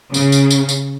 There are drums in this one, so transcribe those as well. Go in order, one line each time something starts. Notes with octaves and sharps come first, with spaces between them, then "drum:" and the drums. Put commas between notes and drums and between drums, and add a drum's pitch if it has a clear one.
C#3, drum: tambourine
drum: tambourine
drum: tambourine
drum: tambourine